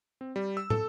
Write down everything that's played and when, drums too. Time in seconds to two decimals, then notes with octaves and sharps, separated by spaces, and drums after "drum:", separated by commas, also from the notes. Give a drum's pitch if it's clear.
0.21 C4
0.36 G3
0.57 E6
0.70 A4, drum: tom